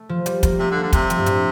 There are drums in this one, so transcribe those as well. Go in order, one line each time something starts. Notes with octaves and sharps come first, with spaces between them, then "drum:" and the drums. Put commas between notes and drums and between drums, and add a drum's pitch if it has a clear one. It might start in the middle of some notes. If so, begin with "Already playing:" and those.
Already playing: A3
F3
G3, drum: hi-hat
A#3, drum: kick, hi-hat
C3 A3
D3
A#3
D3
C3 A3, drum: kick, hi-hat
G3
F3, drum: hi-hat
G2
A2, drum: hi-hat